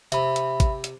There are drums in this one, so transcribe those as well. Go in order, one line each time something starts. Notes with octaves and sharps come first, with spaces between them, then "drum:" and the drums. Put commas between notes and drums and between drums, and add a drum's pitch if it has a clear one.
C3 E5 B5, drum: hi-hat
drum: hi-hat
drum: kick, hi-hat
drum: hi-hat